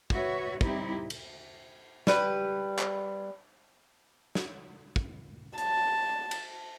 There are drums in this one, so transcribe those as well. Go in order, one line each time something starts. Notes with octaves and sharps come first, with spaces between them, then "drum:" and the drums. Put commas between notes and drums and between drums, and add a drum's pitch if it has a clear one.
F#4 B4 C#5 E5, drum: kick
G3 C4 D#4 E4 G4, drum: kick
drum: cymbal
G3 B4, drum: snare
drum: clap
drum: snare
drum: kick
A5, drum: hi-hat
drum: cymbal